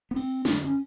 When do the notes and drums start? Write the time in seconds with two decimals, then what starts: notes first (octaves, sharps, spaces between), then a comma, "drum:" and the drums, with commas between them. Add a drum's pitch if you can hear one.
0.11 B3
0.16 C4, drum: cymbal
0.45 F2 D3 D4, drum: snare
0.64 C#4